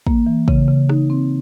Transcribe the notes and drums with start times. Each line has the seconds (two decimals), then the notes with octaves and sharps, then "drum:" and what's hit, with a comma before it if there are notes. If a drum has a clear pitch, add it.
0.07 A#3, drum: kick
0.26 E3
0.48 C#3, drum: kick
0.68 C#3
0.89 D#4, drum: rim click
1.10 C4